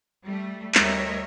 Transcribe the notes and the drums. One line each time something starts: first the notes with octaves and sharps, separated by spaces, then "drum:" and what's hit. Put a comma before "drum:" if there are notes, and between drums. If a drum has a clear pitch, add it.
G3 A3
D2 G3 A#4 C#5 D#5 E5, drum: clap